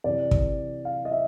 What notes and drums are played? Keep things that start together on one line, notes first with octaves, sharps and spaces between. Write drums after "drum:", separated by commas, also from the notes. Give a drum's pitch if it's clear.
C3 E3 D5
drum: kick
F5
D#5
E5